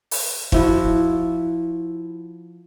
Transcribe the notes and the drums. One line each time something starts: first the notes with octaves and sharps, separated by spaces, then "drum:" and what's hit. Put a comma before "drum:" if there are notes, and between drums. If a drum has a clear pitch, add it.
drum: open hi-hat
F3 E4 F#4, drum: kick